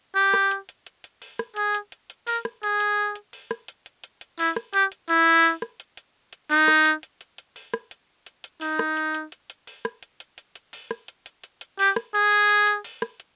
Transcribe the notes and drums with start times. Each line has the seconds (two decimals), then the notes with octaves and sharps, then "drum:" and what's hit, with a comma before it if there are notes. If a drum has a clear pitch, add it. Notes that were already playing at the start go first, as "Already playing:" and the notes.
0.15 G4
0.34 drum: rim click
0.51 drum: hi-hat
0.69 drum: hi-hat
0.86 drum: hi-hat
1.04 drum: hi-hat
1.22 drum: open hi-hat
1.39 drum: rim click
1.56 G#4, drum: hi-hat
1.75 drum: hi-hat
1.92 drum: hi-hat
2.10 drum: hi-hat
2.27 A#4, drum: open hi-hat
2.45 drum: rim click
2.63 G#4, drum: hi-hat
2.80 drum: hi-hat
3.16 drum: hi-hat
3.33 drum: open hi-hat
3.51 drum: rim click
3.68 drum: hi-hat
3.86 drum: hi-hat
4.04 drum: hi-hat
4.21 drum: hi-hat
4.39 E4, drum: open hi-hat
4.56 drum: rim click
4.73 G4, drum: hi-hat
4.92 drum: hi-hat
5.09 E4, drum: hi-hat
5.45 drum: open hi-hat
5.62 drum: rim click
5.80 drum: hi-hat
5.97 drum: hi-hat
6.33 drum: hi-hat
6.51 D#4, drum: open hi-hat
6.68 drum: rim click
6.85 drum: hi-hat
7.03 drum: hi-hat
7.21 drum: hi-hat
7.38 drum: hi-hat
7.56 drum: open hi-hat
7.74 drum: rim click
7.91 drum: hi-hat
8.26 drum: hi-hat
8.44 drum: hi-hat
8.61 D#4, drum: open hi-hat
8.79 drum: rim click
8.97 drum: hi-hat
9.15 drum: hi-hat
9.32 drum: hi-hat
9.50 drum: hi-hat
9.67 drum: open hi-hat
9.85 drum: rim click
10.03 drum: hi-hat
10.20 drum: hi-hat
10.38 drum: hi-hat
10.55 drum: hi-hat
10.73 drum: open hi-hat
10.91 drum: rim click
11.08 drum: hi-hat
11.26 drum: hi-hat
11.44 drum: hi-hat
11.61 drum: hi-hat
11.79 G4, drum: open hi-hat
11.96 drum: rim click
12.15 G#4, drum: hi-hat
12.32 drum: hi-hat
12.49 drum: hi-hat
12.67 drum: hi-hat
12.84 drum: open hi-hat
13.02 drum: rim click
13.20 drum: hi-hat